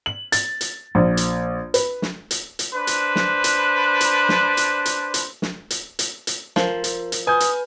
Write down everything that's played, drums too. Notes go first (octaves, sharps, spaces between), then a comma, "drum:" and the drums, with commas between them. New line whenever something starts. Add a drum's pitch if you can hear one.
F#7
A6, drum: hi-hat
drum: hi-hat
A#1
drum: hi-hat
B4, drum: hi-hat
drum: snare
drum: hi-hat
drum: hi-hat
D4 B4 C5
drum: hi-hat
drum: snare
drum: hi-hat
drum: hi-hat
drum: snare
drum: hi-hat
drum: hi-hat
drum: hi-hat
drum: snare
drum: hi-hat
drum: hi-hat
drum: hi-hat
F3 A#4, drum: snare
drum: hi-hat
drum: hi-hat
B4 G#5 D#6 G6
drum: hi-hat